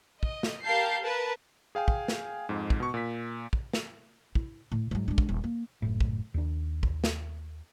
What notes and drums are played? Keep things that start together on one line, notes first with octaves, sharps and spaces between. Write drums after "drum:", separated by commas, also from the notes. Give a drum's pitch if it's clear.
D#5, drum: kick
drum: snare
G4 A#4 F5 A5 G6 C7
A#4 B4 A5
G#4 F5 G5 G#5
drum: kick
drum: snare
F2 G#2
drum: kick
B2 C#6
A#2 B6
drum: kick
drum: snare
E4, drum: kick
A2
G#2 F#3
G#3 D4
drum: kick
D#1
A#3
F#1 A2
drum: kick
D#2 D4
drum: kick
drum: snare